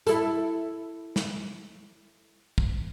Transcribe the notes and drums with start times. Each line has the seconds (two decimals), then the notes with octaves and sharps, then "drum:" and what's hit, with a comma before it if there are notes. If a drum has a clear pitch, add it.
0.07 E4 A4, drum: hi-hat
1.16 drum: snare
2.58 drum: kick